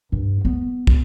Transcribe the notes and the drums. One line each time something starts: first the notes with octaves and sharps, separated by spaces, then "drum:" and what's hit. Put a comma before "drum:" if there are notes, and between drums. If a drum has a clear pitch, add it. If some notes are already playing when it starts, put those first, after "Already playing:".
G2
B3
drum: kick